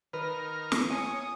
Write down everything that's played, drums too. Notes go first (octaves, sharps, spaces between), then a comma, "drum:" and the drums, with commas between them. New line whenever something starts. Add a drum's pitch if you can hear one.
D#3 A#4 B4 F6
drum: snare
C#5 G#5 D#6